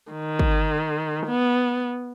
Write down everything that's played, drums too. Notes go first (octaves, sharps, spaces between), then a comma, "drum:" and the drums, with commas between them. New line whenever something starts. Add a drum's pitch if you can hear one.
D#3
drum: kick
B3